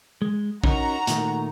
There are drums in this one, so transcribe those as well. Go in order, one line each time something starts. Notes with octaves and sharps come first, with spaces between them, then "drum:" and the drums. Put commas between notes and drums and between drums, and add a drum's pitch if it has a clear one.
G#3
C#4 D#4 F#4 A#4 A#5, drum: kick A#1
A#2 D#3 A3, drum: hi-hat